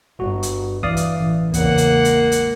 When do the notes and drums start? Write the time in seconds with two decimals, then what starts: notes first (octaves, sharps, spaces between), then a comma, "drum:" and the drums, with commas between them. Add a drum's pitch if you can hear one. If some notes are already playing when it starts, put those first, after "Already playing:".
0.20 G1 F#4
0.43 drum: hi-hat
0.83 E3 D5 F5 D#6, drum: kick
0.97 drum: hi-hat
1.20 A1
1.54 E2 C#3 A#3 F#5, drum: kick, hi-hat
1.78 drum: hi-hat
1.92 G#3
2.05 drum: hi-hat
2.32 drum: hi-hat